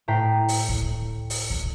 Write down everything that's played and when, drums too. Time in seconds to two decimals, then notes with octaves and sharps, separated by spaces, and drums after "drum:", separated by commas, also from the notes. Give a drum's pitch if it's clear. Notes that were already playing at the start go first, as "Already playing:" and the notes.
0.08 A2 G5 A#5 B6 C7
0.48 drum: open hi-hat
0.69 drum: kick C#2
1.30 drum: open hi-hat
1.50 drum: kick C#2